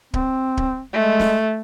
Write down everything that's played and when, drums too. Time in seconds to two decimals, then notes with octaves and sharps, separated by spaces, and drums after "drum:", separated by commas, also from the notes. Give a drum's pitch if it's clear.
0.14 C4, drum: kick D1
0.57 drum: kick D1
0.93 G#3 A3
1.19 drum: snare